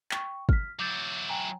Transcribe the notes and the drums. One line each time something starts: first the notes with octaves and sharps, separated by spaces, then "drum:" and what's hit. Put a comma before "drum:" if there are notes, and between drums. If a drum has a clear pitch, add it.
G5 C#6, drum: clap
F6 B6, drum: kick
F#3 E4 D6 G6 A6
G5 G#5 A#5